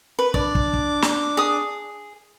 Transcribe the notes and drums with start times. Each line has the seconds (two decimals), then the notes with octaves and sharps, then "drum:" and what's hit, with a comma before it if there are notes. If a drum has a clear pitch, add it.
0.19 B4
0.34 D4 D5 D6, drum: kick
0.55 drum: kick
0.73 drum: kick
1.02 drum: snare
1.37 G#4 D#6